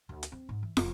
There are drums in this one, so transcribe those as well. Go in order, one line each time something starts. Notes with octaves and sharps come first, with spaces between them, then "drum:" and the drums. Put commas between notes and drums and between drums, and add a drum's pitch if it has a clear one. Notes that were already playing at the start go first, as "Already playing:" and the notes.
D2
drum: hi-hat
C4
G#2
E3
F1, drum: snare